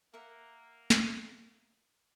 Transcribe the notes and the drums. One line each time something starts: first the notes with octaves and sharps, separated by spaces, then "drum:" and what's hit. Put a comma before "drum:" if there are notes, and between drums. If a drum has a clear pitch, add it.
A#3 A#4 E5 F#5
drum: snare